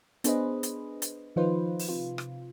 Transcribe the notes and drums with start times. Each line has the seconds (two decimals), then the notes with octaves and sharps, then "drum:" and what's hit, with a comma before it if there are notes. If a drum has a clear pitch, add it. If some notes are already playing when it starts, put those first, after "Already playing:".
0.24 B3 D4 G#4 B4 C5 D#5, drum: hi-hat
0.63 drum: hi-hat
1.02 drum: hi-hat
1.36 D#3 F3 D#4 F4 B4 C5
1.79 drum: open hi-hat
1.89 C3 F4
2.18 drum: rim click